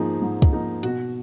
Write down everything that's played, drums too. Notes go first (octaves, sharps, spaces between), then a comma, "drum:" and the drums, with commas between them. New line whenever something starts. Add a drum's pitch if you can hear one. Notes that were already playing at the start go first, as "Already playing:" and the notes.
Already playing: G#2 F3 A#3 D#4 G#4
G#2
drum: kick, hi-hat
F3 A#3 D#4
B2 F#4, drum: hi-hat